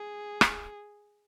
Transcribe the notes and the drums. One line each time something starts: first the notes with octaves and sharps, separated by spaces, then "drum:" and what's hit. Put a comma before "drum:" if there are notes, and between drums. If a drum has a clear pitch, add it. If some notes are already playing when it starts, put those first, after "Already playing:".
Already playing: G#4
drum: rim click